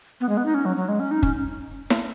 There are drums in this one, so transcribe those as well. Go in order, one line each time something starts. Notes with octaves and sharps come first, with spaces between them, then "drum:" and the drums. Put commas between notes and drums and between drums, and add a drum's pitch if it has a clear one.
B3
G#3
B3
D#4
C#4
F#3
F#3
G#3
C#4
D#4
C#4, drum: kick
drum: snare E4